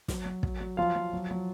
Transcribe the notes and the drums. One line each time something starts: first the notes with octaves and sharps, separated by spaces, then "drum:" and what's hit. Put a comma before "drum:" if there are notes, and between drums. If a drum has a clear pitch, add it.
F#3, drum: snare
F#3
F#3, drum: kick
F#3
F3 F4 F5
F3
F#3
F#3